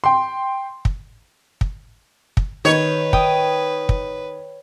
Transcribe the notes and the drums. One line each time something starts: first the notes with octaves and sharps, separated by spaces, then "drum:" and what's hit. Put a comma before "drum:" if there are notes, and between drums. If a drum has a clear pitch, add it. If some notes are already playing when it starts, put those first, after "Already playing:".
G5 C6
drum: kick
drum: kick
drum: kick
D#3 B4 C#5
G5 D#6, drum: kick
drum: kick